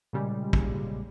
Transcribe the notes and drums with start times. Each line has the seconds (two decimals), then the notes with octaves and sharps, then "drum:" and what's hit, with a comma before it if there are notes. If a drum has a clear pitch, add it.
0.13 A#2 C#3 G3 G#3
0.53 drum: kick